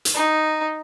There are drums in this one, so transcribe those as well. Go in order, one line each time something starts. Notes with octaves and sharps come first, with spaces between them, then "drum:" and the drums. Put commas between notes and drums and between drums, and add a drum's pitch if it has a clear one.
drum: hi-hat
D#4